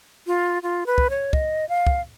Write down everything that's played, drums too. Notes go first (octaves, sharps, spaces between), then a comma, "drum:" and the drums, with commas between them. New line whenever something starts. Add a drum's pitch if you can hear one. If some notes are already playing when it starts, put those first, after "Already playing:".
F4
F4
B4
drum: kick
C#5
D#5, drum: kick
F5
drum: kick